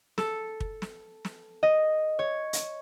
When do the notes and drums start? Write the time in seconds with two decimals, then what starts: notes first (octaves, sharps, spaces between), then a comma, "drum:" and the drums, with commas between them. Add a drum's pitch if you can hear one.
0.18 A4, drum: snare
0.60 drum: kick
0.82 drum: snare
1.25 drum: snare
1.63 D#5
2.19 C#5
2.53 drum: hi-hat